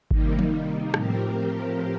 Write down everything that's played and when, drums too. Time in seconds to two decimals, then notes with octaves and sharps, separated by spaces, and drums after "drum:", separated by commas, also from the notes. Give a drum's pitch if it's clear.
0.11 C3 D#3 G3 A#3 D#4, drum: kick G#1
0.39 drum: tom F3
0.94 A2 F3 C4 G4 A#4, drum: rim click